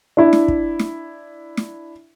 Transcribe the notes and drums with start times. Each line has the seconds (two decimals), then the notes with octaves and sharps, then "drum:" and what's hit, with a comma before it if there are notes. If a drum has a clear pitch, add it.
0.17 D4 E4
0.33 drum: snare
0.48 drum: kick
0.79 drum: snare
1.57 drum: snare